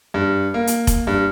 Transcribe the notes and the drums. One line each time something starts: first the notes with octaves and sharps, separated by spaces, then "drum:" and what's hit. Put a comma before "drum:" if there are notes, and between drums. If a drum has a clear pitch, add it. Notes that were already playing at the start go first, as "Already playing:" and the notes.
G2
A#3
drum: hi-hat
drum: kick F1, hi-hat
G2